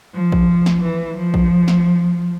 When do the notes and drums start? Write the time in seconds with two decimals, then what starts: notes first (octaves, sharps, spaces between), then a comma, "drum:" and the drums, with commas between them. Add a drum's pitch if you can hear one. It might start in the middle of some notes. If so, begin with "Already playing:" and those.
0.15 F3
0.32 drum: kick
0.66 drum: snare
0.83 E3
1.17 F3
1.34 drum: kick
1.68 drum: snare